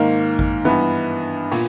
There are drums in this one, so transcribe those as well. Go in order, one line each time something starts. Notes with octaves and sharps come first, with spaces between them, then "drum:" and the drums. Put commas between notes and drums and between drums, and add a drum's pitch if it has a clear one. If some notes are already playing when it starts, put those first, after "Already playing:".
Already playing: G#2 D#3 A#3
drum: kick G#1
G2 E3 B3
A#2, drum: open hi-hat